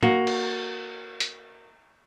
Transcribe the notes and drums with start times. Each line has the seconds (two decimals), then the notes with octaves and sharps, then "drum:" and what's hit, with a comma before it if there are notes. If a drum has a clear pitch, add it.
0.03 A#3 F#4, drum: tom
0.27 drum: cymbal
1.20 drum: hi-hat